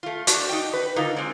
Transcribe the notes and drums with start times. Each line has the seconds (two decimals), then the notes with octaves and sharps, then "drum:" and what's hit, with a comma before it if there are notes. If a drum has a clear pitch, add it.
0.03 A3 F4
0.27 D4 F#4 G4, drum: hi-hat
0.49 D#4 G5
0.73 B4
0.96 D3 D#4 F4 A#4
1.17 G#3 C4